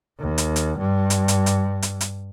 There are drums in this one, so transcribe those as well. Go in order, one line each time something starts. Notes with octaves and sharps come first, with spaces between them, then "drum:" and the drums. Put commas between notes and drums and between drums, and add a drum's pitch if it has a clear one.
D#2
drum: hi-hat
drum: hi-hat
G2
drum: hi-hat
drum: hi-hat
drum: hi-hat
drum: hi-hat
drum: hi-hat